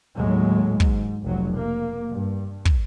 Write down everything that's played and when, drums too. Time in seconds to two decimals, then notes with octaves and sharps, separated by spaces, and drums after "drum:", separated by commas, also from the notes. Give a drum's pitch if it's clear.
0.16 D#2 A2 F#3 G#3
0.80 G#2, drum: kick
1.23 F1 B1 F#3
1.58 A#3
2.11 G2
2.65 drum: kick